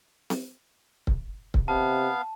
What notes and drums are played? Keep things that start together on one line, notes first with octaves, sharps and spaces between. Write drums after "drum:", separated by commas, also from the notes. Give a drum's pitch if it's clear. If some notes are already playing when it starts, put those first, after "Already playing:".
drum: snare C4
drum: kick C#1
drum: kick C#1
C3 B3 F5 A5